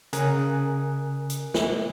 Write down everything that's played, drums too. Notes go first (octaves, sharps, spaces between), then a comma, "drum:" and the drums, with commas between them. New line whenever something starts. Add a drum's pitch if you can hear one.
C#3 A#4 G#5 D#6 F#6, drum: hi-hat
drum: hi-hat
drum: snare